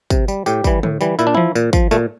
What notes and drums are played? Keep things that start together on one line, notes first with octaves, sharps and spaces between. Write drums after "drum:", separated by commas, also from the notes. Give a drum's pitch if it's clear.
C3, drum: kick, tambourine
G3, drum: tambourine
A2 G4, drum: tambourine
E3 G3, drum: kick, tambourine
A2, drum: tom D3
E3 G3, drum: tambourine
A#2 E4, drum: tambourine
D4
F3 E4, drum: tom E3
A#2, drum: tambourine
F3, drum: kick, tambourine
A#2 A3, drum: tambourine